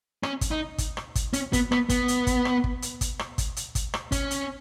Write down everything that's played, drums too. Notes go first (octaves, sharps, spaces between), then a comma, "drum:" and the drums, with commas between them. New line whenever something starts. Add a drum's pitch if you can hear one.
C#4, drum: rim click
drum: kick, hi-hat
D#4
drum: kick, hi-hat
drum: rim click
drum: kick, hi-hat
C#4, drum: hi-hat
B3, drum: kick, hi-hat
B3, drum: rim click
B3, drum: kick, hi-hat
drum: hi-hat
drum: kick, hi-hat
drum: rim click
drum: kick
drum: hi-hat
drum: kick, hi-hat
drum: rim click
drum: kick, hi-hat
drum: hi-hat
drum: kick, hi-hat
drum: rim click
C#4, drum: kick, hi-hat
drum: hi-hat